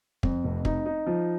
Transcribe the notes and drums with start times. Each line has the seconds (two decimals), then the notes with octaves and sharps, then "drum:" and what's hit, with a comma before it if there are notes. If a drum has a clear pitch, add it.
0.23 F2, drum: kick
0.44 F1
0.65 D#4, drum: kick
0.86 D#4
1.07 F3